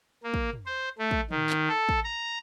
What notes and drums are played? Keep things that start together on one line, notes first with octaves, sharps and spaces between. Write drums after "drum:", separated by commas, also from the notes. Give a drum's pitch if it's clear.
A#3
drum: kick
drum: tom
C5
A3
drum: kick
D#3, drum: tom
drum: clap
A4
drum: kick
A#5